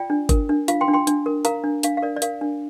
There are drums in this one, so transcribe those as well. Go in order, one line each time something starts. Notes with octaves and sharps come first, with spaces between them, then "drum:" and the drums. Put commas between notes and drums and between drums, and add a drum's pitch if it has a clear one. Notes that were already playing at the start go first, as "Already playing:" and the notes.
Already playing: F4 D5 G5
D4
A#4, drum: kick, hi-hat
D4
F4 F5, drum: hi-hat
G5 C6
D4
G5 C6
D4, drum: hi-hat
A#4
A#4 F5 A#5, drum: hi-hat
D4
D4 F5, drum: hi-hat
F5
A#4 D5
D5
A#4 F5, drum: hi-hat
D4